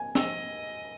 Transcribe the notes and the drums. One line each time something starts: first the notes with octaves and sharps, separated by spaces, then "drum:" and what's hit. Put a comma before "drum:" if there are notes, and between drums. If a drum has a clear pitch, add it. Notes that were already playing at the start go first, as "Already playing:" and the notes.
Already playing: G#5
D#5 E6, drum: snare